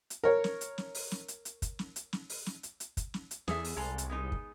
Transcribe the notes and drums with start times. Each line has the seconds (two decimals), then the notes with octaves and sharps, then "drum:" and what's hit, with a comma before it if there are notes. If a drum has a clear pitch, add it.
0.10 drum: hi-hat
0.24 A#4 C#5
0.44 drum: snare
0.61 drum: hi-hat
0.78 drum: snare
0.95 drum: open hi-hat
1.11 drum: snare
1.28 drum: hi-hat
1.45 drum: hi-hat
1.62 drum: kick, hi-hat
1.79 drum: snare
1.96 drum: hi-hat
2.13 drum: snare
2.30 drum: open hi-hat
2.46 drum: snare
2.63 drum: hi-hat
2.80 drum: hi-hat
2.97 drum: kick, hi-hat
3.14 drum: snare
3.31 drum: hi-hat
3.48 E2 G#4 A4 E5, drum: snare
3.64 drum: open hi-hat
3.77 C2 G#3 A4 A#5
3.98 drum: hi-hat
4.09 G#3 B3 D#4
4.32 drum: kick